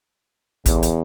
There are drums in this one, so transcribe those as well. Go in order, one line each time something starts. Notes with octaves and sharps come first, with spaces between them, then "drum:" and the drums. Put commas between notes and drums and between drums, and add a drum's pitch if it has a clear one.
A1 E2, drum: kick, hi-hat
drum: hi-hat